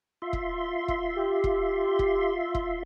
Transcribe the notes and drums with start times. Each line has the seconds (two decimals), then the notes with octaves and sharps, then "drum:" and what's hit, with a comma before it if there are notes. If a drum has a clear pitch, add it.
0.22 F4 E5 C6
0.33 drum: kick E1
0.88 drum: kick E1
1.16 G4
1.44 drum: kick E1
1.99 drum: kick E1
2.55 drum: kick E1